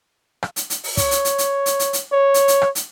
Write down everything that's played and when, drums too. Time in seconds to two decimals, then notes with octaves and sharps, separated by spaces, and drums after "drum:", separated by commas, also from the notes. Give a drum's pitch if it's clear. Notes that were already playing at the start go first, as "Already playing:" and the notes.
0.43 drum: rim click
0.56 drum: hi-hat
0.70 drum: hi-hat
0.84 drum: open hi-hat
0.97 C#5, drum: kick, hi-hat
1.11 drum: hi-hat
1.25 drum: hi-hat
1.38 drum: hi-hat
1.66 drum: hi-hat
1.79 drum: hi-hat
1.93 drum: hi-hat
2.12 C#5
2.34 drum: hi-hat
2.48 drum: hi-hat
2.62 drum: rim click
2.75 drum: hi-hat